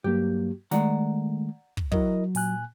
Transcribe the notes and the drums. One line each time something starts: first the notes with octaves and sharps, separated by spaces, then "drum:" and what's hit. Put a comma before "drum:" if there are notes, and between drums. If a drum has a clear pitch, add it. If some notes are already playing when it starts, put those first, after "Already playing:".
G2 F#3 A#3 G4
D#3 G#3 A3 D5 F#5 A#5, drum: snare
drum: kick
F#3 E4 A#4 D#5, drum: kick
A#2 G#5 F#6, drum: open hi-hat